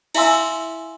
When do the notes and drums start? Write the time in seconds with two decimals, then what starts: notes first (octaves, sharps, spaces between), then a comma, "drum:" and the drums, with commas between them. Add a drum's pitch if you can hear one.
0.15 E4 E5 F5 G#5 C6 E6, drum: cymbal